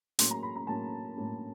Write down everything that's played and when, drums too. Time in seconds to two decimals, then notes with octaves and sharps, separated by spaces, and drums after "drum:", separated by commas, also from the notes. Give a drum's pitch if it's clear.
0.19 A2 F#3 A#3 C#4 C6, drum: hi-hat
0.31 A#5
0.43 B5
0.56 A#5
0.67 A2 F#3 A#3 C#4 A5
1.16 A2 F#3 A#3 C#4